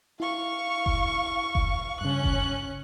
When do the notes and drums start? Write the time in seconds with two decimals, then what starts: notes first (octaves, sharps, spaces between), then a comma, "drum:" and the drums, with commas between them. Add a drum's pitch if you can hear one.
0.20 E4 F5 C#6
0.86 drum: kick F#1
1.55 drum: kick F#1
2.01 G2 C#3 C#4 F#6
2.24 drum: kick F#1